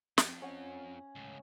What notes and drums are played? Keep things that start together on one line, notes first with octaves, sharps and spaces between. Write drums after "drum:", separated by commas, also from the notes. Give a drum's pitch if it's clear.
F2, drum: snare
C#4 F#5 D#6
C#2 A2